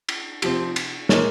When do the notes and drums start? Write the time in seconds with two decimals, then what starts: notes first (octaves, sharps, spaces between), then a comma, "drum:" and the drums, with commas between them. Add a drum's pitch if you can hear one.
0.09 drum: cymbal
0.42 C3 F3 C4, drum: cymbal
0.76 drum: cymbal
1.09 A#2 G#3 D#4 A#4 C#5, drum: snare